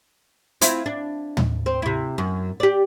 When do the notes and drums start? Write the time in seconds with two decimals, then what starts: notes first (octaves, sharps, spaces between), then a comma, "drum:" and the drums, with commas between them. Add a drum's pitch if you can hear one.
0.61 C4 E4 F4, drum: hi-hat
0.86 D4
1.37 drum: tom
1.66 C4
1.82 C3 E4
2.18 F#2
2.60 G4 D5